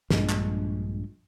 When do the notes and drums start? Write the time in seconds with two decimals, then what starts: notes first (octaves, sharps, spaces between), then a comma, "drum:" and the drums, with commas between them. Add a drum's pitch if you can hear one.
0.10 A#1 G2 G#3, drum: snare
0.29 drum: clap